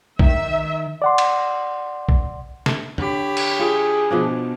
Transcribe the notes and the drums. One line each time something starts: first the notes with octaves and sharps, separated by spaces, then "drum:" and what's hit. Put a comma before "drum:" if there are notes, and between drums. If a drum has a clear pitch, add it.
D#3 E5, drum: kick A#1
D5 F#5 C6
drum: cymbal
drum: kick A#1
drum: snare
D3 G4 C#5 B5, drum: tom E2
drum: cymbal
F4 G#4
B2 F3 D4